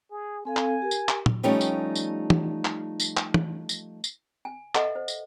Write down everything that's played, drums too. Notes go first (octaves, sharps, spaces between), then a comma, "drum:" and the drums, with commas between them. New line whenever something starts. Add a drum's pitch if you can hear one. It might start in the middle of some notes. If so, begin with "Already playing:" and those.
G#4
C4 A4 F5 G#5
drum: clap
G4 A#4
drum: tambourine
drum: clap
drum: tom
F3 G3 A3 C#4 D#4 G4
drum: tambourine
drum: tambourine
drum: tom
drum: clap
drum: tambourine
drum: clap
drum: tom
drum: tambourine
drum: tambourine
G#5
A4 B4 D#5 E5 F#5, drum: clap
C5
drum: tambourine